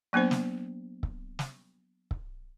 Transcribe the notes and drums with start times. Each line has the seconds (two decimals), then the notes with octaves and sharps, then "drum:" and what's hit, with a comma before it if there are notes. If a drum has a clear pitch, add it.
0.13 F#3 A#3 B3 D4 C5
0.31 drum: snare
1.03 drum: kick C#1
1.39 drum: snare
2.11 drum: kick C#1